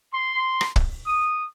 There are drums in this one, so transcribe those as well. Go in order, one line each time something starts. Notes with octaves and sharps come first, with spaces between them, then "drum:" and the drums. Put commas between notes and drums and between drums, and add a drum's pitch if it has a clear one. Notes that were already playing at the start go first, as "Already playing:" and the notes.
C6
drum: rim click
drum: kick
D#6